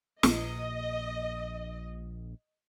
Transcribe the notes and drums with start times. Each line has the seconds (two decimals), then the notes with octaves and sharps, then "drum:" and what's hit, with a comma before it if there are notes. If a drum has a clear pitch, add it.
0.23 A#1 D#5, drum: snare